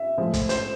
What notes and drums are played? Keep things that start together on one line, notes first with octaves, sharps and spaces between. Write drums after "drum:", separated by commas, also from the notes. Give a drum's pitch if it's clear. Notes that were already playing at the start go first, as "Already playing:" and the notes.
Already playing: E5
A2 F3 G#3
drum: kick, hi-hat
C5, drum: hi-hat